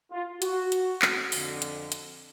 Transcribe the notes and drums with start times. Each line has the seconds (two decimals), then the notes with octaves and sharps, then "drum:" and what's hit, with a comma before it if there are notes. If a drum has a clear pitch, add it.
0.12 F4
0.42 F#4, drum: hi-hat
0.72 drum: hi-hat
1.02 drum: clap
1.32 F2 D3, drum: open hi-hat
1.62 drum: hi-hat
1.92 drum: hi-hat